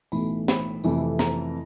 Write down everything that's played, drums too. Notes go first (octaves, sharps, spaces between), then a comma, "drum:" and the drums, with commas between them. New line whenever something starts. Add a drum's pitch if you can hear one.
B1 A2 E3 A3 B5, drum: tambourine
B5, drum: snare
F2 C3 E3 A3, drum: tambourine
A#5, drum: snare